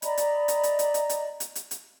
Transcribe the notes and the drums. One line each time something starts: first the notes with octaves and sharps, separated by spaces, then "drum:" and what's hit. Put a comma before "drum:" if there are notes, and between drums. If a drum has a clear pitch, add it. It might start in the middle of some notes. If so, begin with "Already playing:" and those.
D5 D#5 A#5 B5, drum: hi-hat
drum: hi-hat
drum: hi-hat
drum: hi-hat
drum: hi-hat
drum: hi-hat
drum: hi-hat
drum: hi-hat
drum: hi-hat
drum: hi-hat